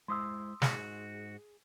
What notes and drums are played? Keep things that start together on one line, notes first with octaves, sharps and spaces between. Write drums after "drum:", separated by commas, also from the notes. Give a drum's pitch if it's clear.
G#3 E4 C5 C6 D#6 E6
G#2 F#4 G#4, drum: snare